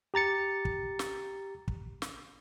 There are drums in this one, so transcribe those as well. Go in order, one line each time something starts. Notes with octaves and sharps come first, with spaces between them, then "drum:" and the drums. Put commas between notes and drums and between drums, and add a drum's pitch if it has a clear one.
G4 A#5 A6 C#7
drum: kick
drum: snare
drum: kick
drum: snare